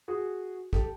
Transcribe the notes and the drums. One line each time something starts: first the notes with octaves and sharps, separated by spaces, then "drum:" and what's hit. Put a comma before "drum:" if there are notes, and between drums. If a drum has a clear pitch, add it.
F#4 G#4
G4 A4, drum: kick